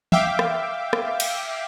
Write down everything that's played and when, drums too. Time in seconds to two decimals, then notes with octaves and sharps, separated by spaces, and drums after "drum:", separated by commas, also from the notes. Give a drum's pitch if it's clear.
0.12 E5 F5 G5 D6, drum: tom
0.39 drum: rim click
0.93 drum: rim click
1.20 drum: cymbal